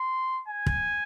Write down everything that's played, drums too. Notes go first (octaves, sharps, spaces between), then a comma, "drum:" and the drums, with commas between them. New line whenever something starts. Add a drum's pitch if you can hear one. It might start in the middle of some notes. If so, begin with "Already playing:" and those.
Already playing: C6
G#5
drum: kick